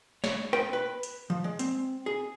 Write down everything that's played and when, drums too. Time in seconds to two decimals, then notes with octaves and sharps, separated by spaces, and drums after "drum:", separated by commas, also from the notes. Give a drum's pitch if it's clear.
0.24 C#5, drum: snare
0.53 G5, drum: rim click
0.73 B4
1.03 drum: hi-hat
1.30 F3
1.44 G#3
1.59 C4, drum: hi-hat
2.06 G#4